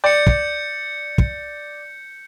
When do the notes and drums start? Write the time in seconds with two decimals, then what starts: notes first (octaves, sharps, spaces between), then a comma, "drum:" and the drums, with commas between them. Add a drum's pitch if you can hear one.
0.04 D5 G6 C#7
0.27 drum: kick
1.18 drum: kick